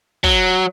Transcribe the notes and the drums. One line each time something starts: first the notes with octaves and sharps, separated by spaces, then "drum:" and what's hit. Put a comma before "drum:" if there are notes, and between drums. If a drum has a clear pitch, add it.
F#3, drum: kick